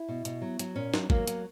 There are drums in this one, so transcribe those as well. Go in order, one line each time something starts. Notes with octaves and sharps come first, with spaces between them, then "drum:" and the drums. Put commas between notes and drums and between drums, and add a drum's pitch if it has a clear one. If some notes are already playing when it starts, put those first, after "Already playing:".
Already playing: E4
B2
B2, drum: hi-hat
F#3
F#3, drum: hi-hat
A#2 C#4
F#3, drum: snare
F#3 A#3, drum: kick G#1
F#3, drum: hi-hat